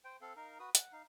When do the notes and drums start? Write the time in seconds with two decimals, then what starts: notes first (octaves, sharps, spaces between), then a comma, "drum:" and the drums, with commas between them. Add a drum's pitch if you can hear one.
0.04 C5 G5
0.21 C4 A4 F5
0.36 D#4 A#4 F5
0.59 F#4 B4 D#6
0.75 F#5, drum: hi-hat
0.93 D#4 F5